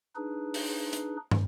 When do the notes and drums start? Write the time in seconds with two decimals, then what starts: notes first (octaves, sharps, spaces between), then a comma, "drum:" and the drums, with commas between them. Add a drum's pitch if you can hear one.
0.16 D4 D#4 G#4 B4
0.54 drum: open hi-hat
0.93 drum: hi-hat
1.31 drum: tom